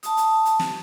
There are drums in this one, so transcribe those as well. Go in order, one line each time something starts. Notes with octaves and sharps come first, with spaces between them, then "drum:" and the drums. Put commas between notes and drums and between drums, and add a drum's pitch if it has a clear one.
A5 D#6, drum: hi-hat
drum: hi-hat
drum: hi-hat
drum: snare